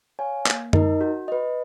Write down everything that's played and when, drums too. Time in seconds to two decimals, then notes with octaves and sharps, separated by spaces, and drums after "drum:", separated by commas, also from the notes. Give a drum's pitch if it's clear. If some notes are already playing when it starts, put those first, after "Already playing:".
0.19 C#5 F5 G#5
0.47 A#3, drum: clap
0.73 D#4 A#4 D#5, drum: tom F#2
1.01 F#4
1.28 B4 D#5